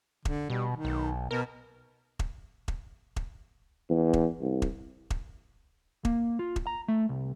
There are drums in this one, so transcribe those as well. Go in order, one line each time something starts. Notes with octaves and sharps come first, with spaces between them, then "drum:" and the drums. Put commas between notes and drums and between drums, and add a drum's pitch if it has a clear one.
D3, drum: kick E1
B2 G3
D#3
B1
B2 A#4
drum: kick E1
drum: kick E1
drum: kick E1
E2
drum: kick E1
C2
drum: kick E1
drum: kick E1
A#3, drum: kick E1
F4
drum: kick E1
A#5
A3
C2